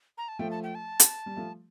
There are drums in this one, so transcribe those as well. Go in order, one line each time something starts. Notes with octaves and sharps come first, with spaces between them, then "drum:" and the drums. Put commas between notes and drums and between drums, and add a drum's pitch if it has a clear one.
A#5
A5
F3 A3 G5
A5
G5
A5
drum: hi-hat
G3
F3 A3